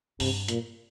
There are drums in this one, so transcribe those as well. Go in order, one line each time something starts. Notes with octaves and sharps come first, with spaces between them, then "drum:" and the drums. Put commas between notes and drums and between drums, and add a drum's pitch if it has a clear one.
G2 C3, drum: open hi-hat
A#2, drum: hi-hat